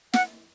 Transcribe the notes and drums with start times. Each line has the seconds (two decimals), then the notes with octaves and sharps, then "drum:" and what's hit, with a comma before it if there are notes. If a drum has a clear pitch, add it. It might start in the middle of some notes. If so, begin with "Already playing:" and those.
0.13 F#5, drum: snare